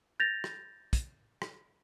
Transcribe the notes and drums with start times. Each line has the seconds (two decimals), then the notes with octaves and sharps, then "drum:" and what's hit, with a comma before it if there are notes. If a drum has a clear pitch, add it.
0.20 G6 A6 A#6 F7
0.44 drum: rim click
0.93 drum: kick, hi-hat
1.42 drum: rim click